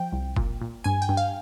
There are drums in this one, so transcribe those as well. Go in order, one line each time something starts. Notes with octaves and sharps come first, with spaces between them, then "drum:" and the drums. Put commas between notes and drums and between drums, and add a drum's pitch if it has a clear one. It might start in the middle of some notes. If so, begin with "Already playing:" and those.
Already playing: F3 G5
C2
A#2, drum: kick
A#2
G2 G#5
G5
G2
F5